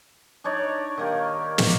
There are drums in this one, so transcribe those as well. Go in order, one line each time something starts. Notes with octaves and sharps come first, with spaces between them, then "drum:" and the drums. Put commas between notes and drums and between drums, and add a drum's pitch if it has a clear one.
D4 D#4 C#5 D5
D#3 A#3 G4
drum: snare